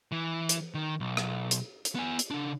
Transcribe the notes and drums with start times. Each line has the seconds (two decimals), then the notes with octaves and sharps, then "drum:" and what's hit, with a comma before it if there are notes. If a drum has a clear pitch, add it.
0.12 E3
0.49 drum: hi-hat
0.74 D#3
1.00 B1
1.17 drum: rim click
1.51 drum: hi-hat
1.85 drum: hi-hat
1.95 B3 G#5
2.19 drum: hi-hat
2.31 C#3 D4